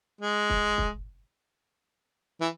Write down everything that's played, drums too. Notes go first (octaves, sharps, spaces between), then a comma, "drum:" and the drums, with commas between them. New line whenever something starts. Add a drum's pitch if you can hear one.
G#3
drum: kick
drum: kick
E3